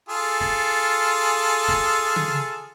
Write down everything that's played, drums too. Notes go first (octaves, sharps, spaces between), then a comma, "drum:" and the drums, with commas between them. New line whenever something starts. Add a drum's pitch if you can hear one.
F4 G#4 A4
drum: snare
drum: snare
drum: tom C#3